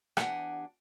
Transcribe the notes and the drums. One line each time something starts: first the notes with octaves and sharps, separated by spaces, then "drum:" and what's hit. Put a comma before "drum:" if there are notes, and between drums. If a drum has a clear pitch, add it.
E2 D4 G4 F5 F#5 G#5, drum: rim click